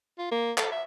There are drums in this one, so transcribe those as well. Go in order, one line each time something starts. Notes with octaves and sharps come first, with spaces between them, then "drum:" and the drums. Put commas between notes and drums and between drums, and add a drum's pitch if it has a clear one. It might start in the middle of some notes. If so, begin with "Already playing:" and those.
F4
A#3
A4, drum: clap
E5